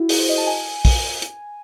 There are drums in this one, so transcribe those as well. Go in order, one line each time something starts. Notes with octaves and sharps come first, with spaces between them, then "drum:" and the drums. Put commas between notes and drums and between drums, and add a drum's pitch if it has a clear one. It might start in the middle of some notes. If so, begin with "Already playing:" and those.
Already playing: E4 F#4
G#4, drum: open hi-hat
C5
D#5
A5
G#5
drum: kick, open hi-hat
drum: hi-hat